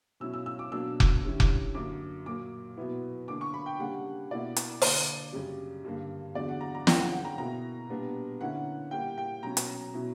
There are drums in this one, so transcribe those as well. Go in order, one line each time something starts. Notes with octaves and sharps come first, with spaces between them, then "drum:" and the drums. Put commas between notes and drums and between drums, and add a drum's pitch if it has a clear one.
B2 F#3 C#4 E4 E6
E6
E6
D6
B2 F#3 A#3 D4 E6
drum: kick F1
D3 G3 C#4 E4
drum: kick F1
F#2 D3 F#3 A#3 D6
A#2 F#3 A#3 D6
B2 F#3 B3 E4
D3 A#3 D4 D6
C#6
B5
G5
C#3 G3 A#3 D4 F#5
B2 A#3 E4 D5
drum: hi-hat
D3 A#3 D4, drum: open hi-hat
F#2 C#3 G3
G2 D3 A#3
E2 D3 F#3 D5
F#5
A#5
A#5
D3 A#3 C#4 E4 G5, drum: snare
F#5
F#5
A#5
B2 A#3 E4 A#5
A#2 G3 B3 D4
D3 A#3 C#4 E4 F#5
A#2 G3 A#3 E4 G5
G5
B2 F#3 C#4 A#5
drum: hi-hat
B2 F#3 C#4 E4